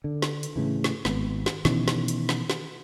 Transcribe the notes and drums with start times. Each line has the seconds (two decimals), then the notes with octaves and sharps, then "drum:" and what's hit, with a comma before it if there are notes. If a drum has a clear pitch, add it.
0.04 D3
0.22 drum: snare
0.43 drum: hi-hat
0.56 A2 C#3 E3
0.84 drum: snare
1.05 G#1 B3, drum: snare
1.46 drum: snare
1.65 B2 D#3 E3 C#4, drum: snare
1.88 drum: snare
2.08 drum: hi-hat
2.29 drum: snare
2.50 drum: snare